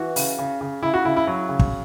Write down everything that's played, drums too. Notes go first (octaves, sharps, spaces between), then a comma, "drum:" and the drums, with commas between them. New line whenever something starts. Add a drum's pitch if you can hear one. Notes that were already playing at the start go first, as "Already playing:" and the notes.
Already playing: E3 F#4
C#3, drum: open hi-hat
C#3
C#3
C#3 E4
F#4
C#3 E4
E4
F#3
C#3
drum: kick